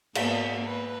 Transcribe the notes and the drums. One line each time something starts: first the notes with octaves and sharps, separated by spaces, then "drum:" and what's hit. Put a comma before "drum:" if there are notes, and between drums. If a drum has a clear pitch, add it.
G#2 A#3 B3, drum: cymbal
B4